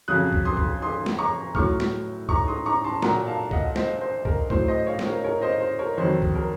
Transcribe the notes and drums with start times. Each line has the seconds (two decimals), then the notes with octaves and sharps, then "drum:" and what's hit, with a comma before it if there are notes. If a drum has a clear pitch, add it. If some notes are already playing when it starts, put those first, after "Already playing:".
0.08 F2 C#3 F#3 D#6 F#6
0.33 drum: kick C#2
0.45 C6 D#6
0.57 drum: kick C#2
0.82 C6 D#6
1.06 drum: snare
1.18 A#5 C#6
1.55 A2 F#3 C#6 F6, drum: kick C#2
1.80 drum: snare
2.29 A#5 C#6, drum: kick C#2
2.47 C6 D#6
2.66 A#5 C#6
2.84 A5 C6
3.02 A#2 F#3 F#5 A#5, drum: snare
3.27 F5 A5
3.51 D#5 F#5, drum: kick C#2
3.76 C5 D#5, drum: snare
4.01 C5
4.25 A#4, drum: kick C#2
4.50 A2 F#3 C5, drum: kick C#2
4.68 C5 D#5
4.87 C#5 F5
4.99 C5, drum: snare
5.05 A#4 C#5
5.24 A#4 C#5
5.42 C5 D#5
5.60 C5
5.79 A#4 C#5
5.97 F2 D#3 F#3 C5
6.22 drum: kick C#2
6.35 A#4